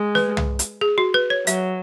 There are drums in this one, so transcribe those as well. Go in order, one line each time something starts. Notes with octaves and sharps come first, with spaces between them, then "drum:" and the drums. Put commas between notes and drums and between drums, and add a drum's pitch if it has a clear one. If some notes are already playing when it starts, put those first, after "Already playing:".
Already playing: G#3
B4, drum: snare
drum: tom
drum: hi-hat
G#4
F#4
B4
C#5
F#3 E5, drum: hi-hat